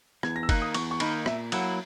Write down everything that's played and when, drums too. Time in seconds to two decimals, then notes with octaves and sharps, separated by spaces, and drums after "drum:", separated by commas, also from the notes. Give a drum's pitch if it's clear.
0.23 E2 G#6, drum: rim click
0.36 A#6
0.43 E6
0.49 D#3 A#3 D#4 F#6, drum: kick, cymbal
0.62 D#6
0.74 E2 C#6, drum: cymbal
0.91 C#6
1.00 D#3 A#3 D#4 B5, drum: cymbal
1.26 A#2 E5, drum: rim click
1.52 F#3 A#3 E4 F#5, drum: cymbal